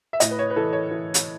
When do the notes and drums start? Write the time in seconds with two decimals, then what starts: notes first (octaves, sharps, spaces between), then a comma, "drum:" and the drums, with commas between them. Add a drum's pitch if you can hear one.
0.13 E5
0.20 A2 D#5, drum: hi-hat
0.31 B4
0.39 C#5
0.50 B4
0.56 E3 A4
0.73 C#5
0.91 E3
1.14 drum: hi-hat